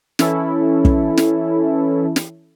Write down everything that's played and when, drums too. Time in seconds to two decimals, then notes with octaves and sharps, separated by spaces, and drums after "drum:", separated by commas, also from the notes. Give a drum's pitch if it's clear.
0.19 E3 C#4 E4 A4, drum: snare
0.85 drum: kick
1.17 drum: snare
2.16 drum: snare